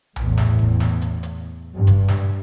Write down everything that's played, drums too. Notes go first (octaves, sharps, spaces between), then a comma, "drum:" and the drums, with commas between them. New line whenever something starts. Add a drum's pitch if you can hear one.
E2 A2, drum: tom A#1
drum: snare
drum: kick G#1
drum: snare
drum: hi-hat
drum: hi-hat
G2
drum: kick G#1, hi-hat
drum: snare